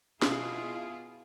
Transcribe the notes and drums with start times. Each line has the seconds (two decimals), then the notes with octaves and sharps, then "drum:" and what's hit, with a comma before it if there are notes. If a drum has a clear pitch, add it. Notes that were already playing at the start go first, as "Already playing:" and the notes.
0.22 B2 E4 F4 G#4, drum: snare